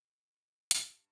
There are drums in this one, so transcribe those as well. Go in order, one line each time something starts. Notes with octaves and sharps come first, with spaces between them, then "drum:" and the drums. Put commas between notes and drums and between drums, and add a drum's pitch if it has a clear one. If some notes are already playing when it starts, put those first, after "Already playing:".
G2, drum: hi-hat